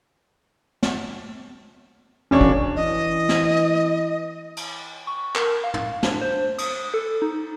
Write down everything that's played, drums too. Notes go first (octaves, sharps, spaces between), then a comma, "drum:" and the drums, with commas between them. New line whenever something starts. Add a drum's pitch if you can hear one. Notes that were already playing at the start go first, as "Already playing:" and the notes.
drum: snare
E1 C#4 D4 C#5
drum: kick
E3 D#5
drum: snare
drum: cymbal
C#6
A#4, drum: clap
F5
drum: tom
D4, drum: snare
C5
D#6, drum: cymbal
A4
D#4